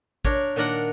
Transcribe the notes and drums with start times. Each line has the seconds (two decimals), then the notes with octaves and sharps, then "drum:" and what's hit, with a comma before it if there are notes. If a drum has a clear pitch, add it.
0.25 D4 A#4 C#5, drum: kick A1
0.56 A#2 D#3 D4 A#4 F#5